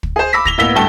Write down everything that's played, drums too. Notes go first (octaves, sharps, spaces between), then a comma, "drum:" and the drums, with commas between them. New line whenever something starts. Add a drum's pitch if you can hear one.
drum: kick
G#4 C5
B5 D6 E6 A#6 B6
A#6 F7 G7, drum: kick
A1 A#3 B3 E6 B6 G7
D2 G2 A3 G5 A5 G7